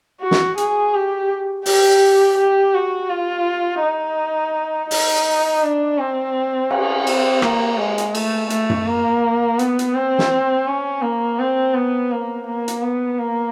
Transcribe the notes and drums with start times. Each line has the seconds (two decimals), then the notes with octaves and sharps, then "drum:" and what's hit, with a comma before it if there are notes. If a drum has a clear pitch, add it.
0.21 F#4
0.31 drum: snare
0.58 G#4, drum: hi-hat
0.94 G4
1.66 G4, drum: open hi-hat
2.38 G4
2.75 F#4
3.10 F4
3.82 D#4
4.91 D#4, drum: open hi-hat
5.63 D4
5.99 C4
6.71 C#4, drum: cymbal
7.07 C4, drum: cymbal
7.42 A#3, drum: rim click
7.79 G#3
7.98 drum: hi-hat
8.15 A3, drum: cymbal
8.50 A3, drum: hi-hat
8.70 drum: tom F#2
8.87 A#3
9.59 B3, drum: hi-hat
9.79 drum: hi-hat
9.94 C4
10.19 drum: snare
10.67 C#4
11.02 A#3
11.39 C4
11.74 B3
12.11 A#3
12.47 A#3
12.68 drum: hi-hat
12.82 B3
13.19 A#3